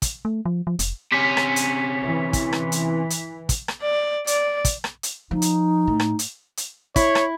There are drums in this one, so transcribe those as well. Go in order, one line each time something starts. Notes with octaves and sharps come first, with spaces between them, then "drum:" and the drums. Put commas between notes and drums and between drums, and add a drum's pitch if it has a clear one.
drum: kick, hi-hat
A3
F3
F3
F1, drum: hi-hat
C3 C#4 B6
drum: rim click
drum: hi-hat
E3
drum: kick, hi-hat
drum: rim click
drum: hi-hat
drum: hi-hat
drum: kick, hi-hat
drum: rim click
D5
D5, drum: hi-hat
drum: kick, hi-hat
drum: rim click
drum: hi-hat
F3 D#4
drum: hi-hat
A2
drum: rim click
drum: hi-hat
drum: hi-hat
E4 C#5, drum: kick, hi-hat
drum: rim click